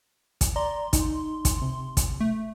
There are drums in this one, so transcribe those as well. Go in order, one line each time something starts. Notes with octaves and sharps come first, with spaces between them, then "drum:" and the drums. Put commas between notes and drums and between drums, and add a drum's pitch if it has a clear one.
drum: kick, hi-hat
D5 A#5 C6
D#4, drum: kick, hi-hat
drum: kick, hi-hat
C3
drum: kick, hi-hat
A3